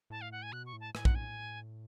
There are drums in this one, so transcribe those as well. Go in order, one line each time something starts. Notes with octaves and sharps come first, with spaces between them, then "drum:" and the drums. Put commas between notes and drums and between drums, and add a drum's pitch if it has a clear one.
A2 A5
F5
F#5
G#5
B2 F#6
C#6
A2
A5
A2 G#5, drum: rim click
F#5, drum: kick A#1
G#5